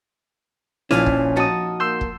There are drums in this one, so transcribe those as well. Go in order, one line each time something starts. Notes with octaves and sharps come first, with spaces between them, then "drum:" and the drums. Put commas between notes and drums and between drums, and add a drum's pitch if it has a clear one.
A#1 C#4 E4 F4 F6 D#7, drum: snare
drum: kick
D#4 F#4 A5 D#6
A#3 C6 E6 G6
drum: kick